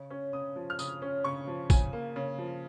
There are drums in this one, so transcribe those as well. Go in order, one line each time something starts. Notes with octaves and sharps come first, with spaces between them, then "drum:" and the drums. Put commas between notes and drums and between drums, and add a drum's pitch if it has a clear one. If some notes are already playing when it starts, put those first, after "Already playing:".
Already playing: C#3
C#4
C#3 D#6
F3
F6
C#3 D#6, drum: tambourine
C#4
C#3 C#6
F3
C#3 G#5, drum: kick, tambourine
A#3
C#3
F3